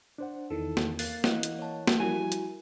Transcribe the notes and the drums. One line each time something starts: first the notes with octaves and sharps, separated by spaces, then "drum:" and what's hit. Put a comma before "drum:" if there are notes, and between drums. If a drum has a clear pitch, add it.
D4 C5 F#5
E2 D#3 E3 A4
drum: snare
A#3 F#6 A6 C7, drum: open hi-hat
E3 D#5 F#5, drum: snare
drum: hi-hat
C#5 A5
drum: snare
F3 G3 E4 F#4 A#4 G#5
drum: hi-hat